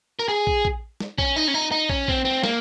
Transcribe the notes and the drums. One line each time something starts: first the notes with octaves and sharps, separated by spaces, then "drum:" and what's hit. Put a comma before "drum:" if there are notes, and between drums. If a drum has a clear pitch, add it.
A#4
G#4
drum: kick
drum: kick
drum: snare
C#4, drum: kick
D#4
C#4
D#4
D#4
C#4, drum: kick
C4, drum: kick
C4
A#3, drum: snare